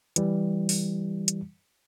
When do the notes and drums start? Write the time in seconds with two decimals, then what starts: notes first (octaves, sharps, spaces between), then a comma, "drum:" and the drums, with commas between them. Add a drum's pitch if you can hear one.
0.16 E3 G3, drum: hi-hat
0.69 drum: open hi-hat
1.28 drum: hi-hat